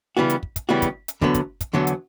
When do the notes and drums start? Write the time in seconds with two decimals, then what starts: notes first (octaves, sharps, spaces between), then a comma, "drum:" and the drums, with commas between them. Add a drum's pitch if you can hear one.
0.17 C#3 E3 G3 B3 F#4
0.30 drum: hi-hat
0.43 drum: kick
0.56 drum: kick, hi-hat
0.69 C#3 E3 G3 B3 F#4
0.82 drum: kick, hi-hat
1.08 drum: hi-hat
1.21 E2 D3 F#3 B3, drum: kick
1.34 drum: kick, hi-hat
1.61 drum: kick, hi-hat
1.73 E2 D3 F#3 B3
1.87 drum: hi-hat